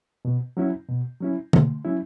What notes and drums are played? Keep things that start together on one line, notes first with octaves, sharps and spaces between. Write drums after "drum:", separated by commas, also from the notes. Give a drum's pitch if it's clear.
B2
F#3 C#4 E4
B2
F#3 C#4 E4
B2, drum: tom D3
F#3 C#4 E4